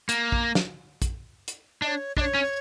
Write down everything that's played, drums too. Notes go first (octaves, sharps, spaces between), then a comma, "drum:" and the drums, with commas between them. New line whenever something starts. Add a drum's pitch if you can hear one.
A#3, drum: hi-hat
drum: kick A#1
drum: snare
drum: kick A#1, hi-hat
drum: hi-hat
D4 D#5
C#5
D4 D#5, drum: kick A#1
C#5
C#4